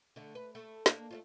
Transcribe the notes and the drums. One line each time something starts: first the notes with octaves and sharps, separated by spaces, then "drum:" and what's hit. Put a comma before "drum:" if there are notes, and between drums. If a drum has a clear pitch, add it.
D3 A3
B4
A3
A#3 D4, drum: snare
A3 C#4 F4